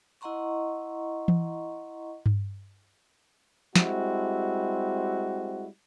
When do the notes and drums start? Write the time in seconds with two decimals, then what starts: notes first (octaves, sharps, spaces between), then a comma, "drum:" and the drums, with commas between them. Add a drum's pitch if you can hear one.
0.21 E4 D#5 F#5 A#5 C6 C#6
1.28 drum: tom E3
2.26 drum: tom G2
3.76 G3 G#3 C4 E4 F#4, drum: snare